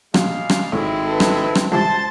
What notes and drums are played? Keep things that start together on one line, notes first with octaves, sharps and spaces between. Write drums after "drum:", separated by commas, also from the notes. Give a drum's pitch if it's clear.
A#1 G3 G#3 F5, drum: rim click
drum: rim click
G#1 A2 G#3 C4 E4
A4 B4
drum: rim click
drum: rim click
C#2 G2 E3 C5 A5 C6 A6